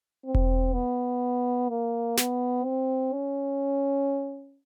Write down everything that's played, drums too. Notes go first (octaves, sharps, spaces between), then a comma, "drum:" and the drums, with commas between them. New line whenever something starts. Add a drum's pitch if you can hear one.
C4
drum: kick E1
B3
A#3
B3, drum: snare
C4
C#4